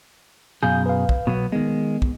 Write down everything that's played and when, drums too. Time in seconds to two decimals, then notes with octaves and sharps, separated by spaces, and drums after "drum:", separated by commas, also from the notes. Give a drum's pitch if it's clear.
0.63 F#2 B2 G#4 F5 G#5 G6
0.86 B4 F5
1.09 drum: kick
1.27 B2 F#3 B3
1.52 D#3 G#3 B3
2.02 drum: kick